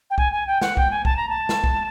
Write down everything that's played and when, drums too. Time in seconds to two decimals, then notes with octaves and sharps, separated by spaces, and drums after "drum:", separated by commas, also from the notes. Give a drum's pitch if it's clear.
0.10 G5
0.18 G#5, drum: kick
0.33 G#5
0.47 G5
0.61 F#5, drum: snare
0.77 G5, drum: kick
0.91 G#5
1.05 A5, drum: kick
1.17 A#5
1.29 A5
1.49 drum: snare
1.64 drum: kick